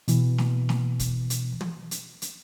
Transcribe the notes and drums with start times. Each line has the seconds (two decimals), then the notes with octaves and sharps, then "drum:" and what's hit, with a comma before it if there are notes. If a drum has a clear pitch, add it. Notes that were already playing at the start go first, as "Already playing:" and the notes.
0.08 B2 E3, drum: hi-hat
0.38 drum: snare
0.69 drum: snare
0.99 drum: kick, hi-hat
1.30 drum: hi-hat
1.61 drum: tom
1.91 drum: hi-hat
2.22 drum: hi-hat